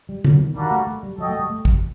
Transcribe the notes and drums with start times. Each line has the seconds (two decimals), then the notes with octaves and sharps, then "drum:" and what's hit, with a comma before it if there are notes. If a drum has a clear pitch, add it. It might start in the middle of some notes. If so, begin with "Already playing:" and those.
0.09 G3
0.24 F#3, drum: tom D3
0.40 D#3
0.55 D#3 G3 A#3 D4 F#4
0.71 A3
0.87 A3
1.03 G3
1.18 F#3 F#4 A4 D#5 G5
1.29 A3
1.39 G3
1.50 A3
1.65 drum: kick